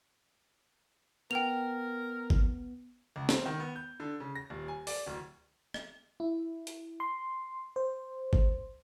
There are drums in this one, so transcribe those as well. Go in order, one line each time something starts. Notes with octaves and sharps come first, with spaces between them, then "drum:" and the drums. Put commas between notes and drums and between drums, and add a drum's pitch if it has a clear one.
B3 A#4 G5 F7
drum: kick
C#2
C4, drum: snare
D#3
B3
G6
D3
C#3
A#6
D#1
G#5
D5, drum: open hi-hat
D1
drum: rim click
E4
drum: hi-hat
C6
C5
drum: kick